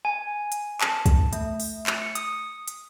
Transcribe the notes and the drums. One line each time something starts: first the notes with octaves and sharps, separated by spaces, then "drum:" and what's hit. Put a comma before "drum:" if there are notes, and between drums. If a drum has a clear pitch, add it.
G#5
drum: hi-hat
A5, drum: clap
drum: kick, hi-hat
A3, drum: hi-hat
drum: open hi-hat
drum: clap
C#7
D#6, drum: hi-hat
drum: hi-hat